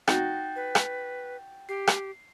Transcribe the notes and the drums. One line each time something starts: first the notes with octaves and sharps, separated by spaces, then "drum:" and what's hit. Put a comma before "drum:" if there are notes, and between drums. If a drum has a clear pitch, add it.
D#4 F#4 G5 G6 A6, drum: rim click
B4
drum: rim click
G4 C7
drum: rim click